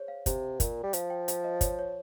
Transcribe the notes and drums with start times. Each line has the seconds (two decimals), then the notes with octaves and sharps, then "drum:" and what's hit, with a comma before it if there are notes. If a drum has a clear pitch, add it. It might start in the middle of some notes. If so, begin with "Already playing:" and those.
Already playing: G#4 C5 C#5
0.08 F5
0.26 C3, drum: kick, hi-hat
0.60 A#2, drum: kick, hi-hat
0.83 G3
0.93 F3 F5, drum: hi-hat
1.10 G5
1.28 F5, drum: hi-hat
1.44 D#5
1.61 C#5, drum: kick, hi-hat
1.79 C#5